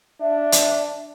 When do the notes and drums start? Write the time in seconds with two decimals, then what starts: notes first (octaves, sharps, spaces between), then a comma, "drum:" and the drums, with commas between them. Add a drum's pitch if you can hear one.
0.20 D4 E5
0.52 drum: hi-hat